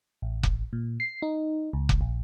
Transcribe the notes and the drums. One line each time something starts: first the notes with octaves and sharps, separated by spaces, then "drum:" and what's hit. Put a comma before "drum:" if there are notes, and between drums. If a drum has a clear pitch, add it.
A1
drum: kick F1
A#2
C7
D#4
C#2
drum: kick F1
A#1